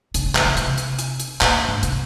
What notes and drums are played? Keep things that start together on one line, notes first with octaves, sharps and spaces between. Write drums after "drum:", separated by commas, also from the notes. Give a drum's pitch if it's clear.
C3, drum: hi-hat
C#3
D#3, drum: clap
C#3
C3, drum: hi-hat
drum: hi-hat
drum: hi-hat
drum: hi-hat
A#2, drum: clap
G#2
C3, drum: hi-hat